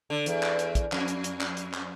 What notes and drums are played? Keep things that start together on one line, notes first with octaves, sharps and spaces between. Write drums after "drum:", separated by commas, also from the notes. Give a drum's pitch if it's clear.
D3
E2, drum: hi-hat
drum: clap
drum: hi-hat
drum: kick, hi-hat
F2, drum: clap
drum: hi-hat
drum: hi-hat
drum: clap
drum: hi-hat
drum: clap